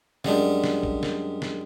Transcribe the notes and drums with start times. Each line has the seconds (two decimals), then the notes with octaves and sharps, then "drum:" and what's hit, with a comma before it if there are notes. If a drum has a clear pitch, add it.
0.24 F#2 G3 G#3 D4, drum: snare
0.64 drum: snare
0.83 drum: kick
1.03 drum: snare
1.42 drum: snare